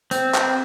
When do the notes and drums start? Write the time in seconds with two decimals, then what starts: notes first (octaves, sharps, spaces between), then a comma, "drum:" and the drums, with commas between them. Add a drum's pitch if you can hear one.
0.11 C4, drum: hi-hat
0.34 drum: clap